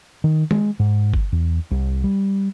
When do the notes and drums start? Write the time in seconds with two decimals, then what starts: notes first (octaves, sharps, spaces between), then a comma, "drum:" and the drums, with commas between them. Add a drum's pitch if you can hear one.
0.24 D#3
0.51 G#3, drum: tom
0.79 G#2
1.14 drum: kick G1
1.32 E2
1.71 C2
2.04 G3